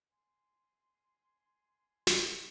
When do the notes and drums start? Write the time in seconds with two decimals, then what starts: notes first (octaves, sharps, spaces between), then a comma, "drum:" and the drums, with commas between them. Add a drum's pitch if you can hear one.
0.12 G#5 C6
2.07 drum: snare